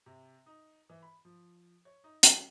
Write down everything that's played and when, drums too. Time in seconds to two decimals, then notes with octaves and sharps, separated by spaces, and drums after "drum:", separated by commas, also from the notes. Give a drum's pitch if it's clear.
0.06 C3
0.46 D#4
0.89 E3
1.02 B5
1.25 F3
1.85 C#5
2.04 D#4
2.23 F#3, drum: hi-hat